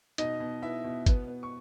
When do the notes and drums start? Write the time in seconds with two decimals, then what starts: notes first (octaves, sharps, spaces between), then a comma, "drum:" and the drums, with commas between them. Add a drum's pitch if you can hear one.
0.18 B2 D#4 D#5, drum: hi-hat
0.40 B2
0.62 B3 E4 E5
0.84 B2
1.06 B3, drum: kick G#1, hi-hat
1.28 B3
1.43 C#6